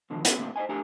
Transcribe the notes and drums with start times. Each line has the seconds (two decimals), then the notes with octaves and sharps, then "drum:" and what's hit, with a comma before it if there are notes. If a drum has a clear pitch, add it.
0.10 B2 D3 D#3 F3
0.25 B3 C#4 F#4 B4, drum: hi-hat
0.38 A#2 A3 A#3 C4
0.56 C5 D5 D#5 G#5
0.69 A3 D4 G4 A#4 G#5 A#5